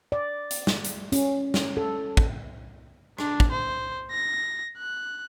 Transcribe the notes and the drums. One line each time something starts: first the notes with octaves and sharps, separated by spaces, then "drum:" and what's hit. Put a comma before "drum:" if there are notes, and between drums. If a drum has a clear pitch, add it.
D5
drum: hi-hat
drum: snare
drum: hi-hat
C#4, drum: hi-hat
drum: snare
A4
drum: kick
D4, drum: rim click
drum: kick
C5
A#6
F#6